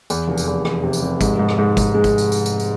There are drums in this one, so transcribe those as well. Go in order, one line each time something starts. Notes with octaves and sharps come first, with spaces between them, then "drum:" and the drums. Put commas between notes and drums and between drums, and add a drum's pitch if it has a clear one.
E2, drum: tambourine
F1
drum: tambourine
E2
E2, drum: rim click
C3
drum: tambourine
F1
G#2, drum: kick, tambourine
G#2
drum: rim click
G#2
G#2, drum: kick, tambourine
G#3
drum: kick, tambourine
drum: tambourine
drum: tambourine
drum: tambourine
drum: tambourine